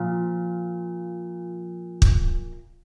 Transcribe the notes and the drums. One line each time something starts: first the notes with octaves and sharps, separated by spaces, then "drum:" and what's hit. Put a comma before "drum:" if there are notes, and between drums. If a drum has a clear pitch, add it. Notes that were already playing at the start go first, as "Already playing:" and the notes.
Already playing: A#2 F3
drum: kick